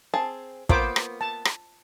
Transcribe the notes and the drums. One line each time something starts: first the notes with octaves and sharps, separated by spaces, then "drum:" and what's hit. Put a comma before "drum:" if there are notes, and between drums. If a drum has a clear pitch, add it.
C4 G#4 A5
A#3 B3 F4 B4 C5 D6, drum: kick
drum: rim click
A5
drum: rim click